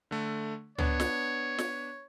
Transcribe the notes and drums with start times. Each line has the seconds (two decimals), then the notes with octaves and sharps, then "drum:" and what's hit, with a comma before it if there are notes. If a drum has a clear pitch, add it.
0.11 D3 A3
0.78 B3 D4 C#5, drum: tom
1.00 drum: snare
1.58 drum: snare